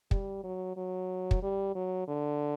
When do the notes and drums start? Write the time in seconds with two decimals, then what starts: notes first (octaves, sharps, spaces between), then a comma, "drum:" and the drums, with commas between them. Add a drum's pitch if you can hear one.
0.11 G3, drum: kick
0.44 F#3
0.77 F#3
1.31 drum: kick
1.43 G3
1.75 F#3
2.08 D3